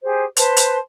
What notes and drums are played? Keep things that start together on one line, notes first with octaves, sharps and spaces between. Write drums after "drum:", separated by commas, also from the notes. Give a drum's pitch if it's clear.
G4 G#4 C5
B4 C5 A5 C6, drum: hi-hat
drum: hi-hat